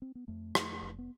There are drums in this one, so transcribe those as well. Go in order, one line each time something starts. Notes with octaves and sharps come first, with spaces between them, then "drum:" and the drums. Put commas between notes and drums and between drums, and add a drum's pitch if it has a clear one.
C4
B3
F2 A3
F2, drum: rim click
F1
B3